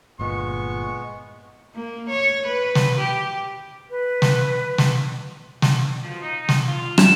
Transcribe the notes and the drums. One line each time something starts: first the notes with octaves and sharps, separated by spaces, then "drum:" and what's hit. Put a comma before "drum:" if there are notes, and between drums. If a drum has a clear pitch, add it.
G1 A#2 G#3 B3 C#6
A#3
C#5
B4
drum: snare
G4
B4
drum: snare
drum: snare
drum: snare
F2 B2 F3
D#4
drum: snare
F4
F#3 G3 E7, drum: rim click